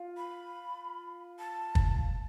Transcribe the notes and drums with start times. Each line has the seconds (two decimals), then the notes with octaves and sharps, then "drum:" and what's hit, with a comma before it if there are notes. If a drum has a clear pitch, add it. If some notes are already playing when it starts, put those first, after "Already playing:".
Already playing: F4
0.17 B5
1.39 A5
1.75 drum: kick